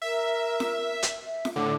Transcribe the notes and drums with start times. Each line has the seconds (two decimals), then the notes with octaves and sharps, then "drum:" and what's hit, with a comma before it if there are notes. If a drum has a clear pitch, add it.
0.02 A#4 E5
0.60 drum: snare F4
1.02 drum: hi-hat
1.24 E5
1.45 drum: snare F4
1.56 A2 D3 D6